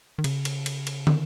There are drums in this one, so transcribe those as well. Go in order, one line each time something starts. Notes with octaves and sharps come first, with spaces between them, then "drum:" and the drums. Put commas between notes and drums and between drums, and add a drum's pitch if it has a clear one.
D#3
C#3, drum: cymbal
drum: cymbal
drum: cymbal
drum: cymbal
D#3, drum: tom